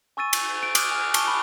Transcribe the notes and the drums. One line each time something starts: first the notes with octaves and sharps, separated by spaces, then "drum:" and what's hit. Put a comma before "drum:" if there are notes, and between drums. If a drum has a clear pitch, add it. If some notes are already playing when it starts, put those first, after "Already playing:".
G#5 C#6 E6 A6 D#7
drum: cymbal
D7
D6 D#6 F6 F#6 D#7, drum: cymbal
G#5 F6
G#5 A5 C#6 D6 G7, drum: cymbal
B5 C#6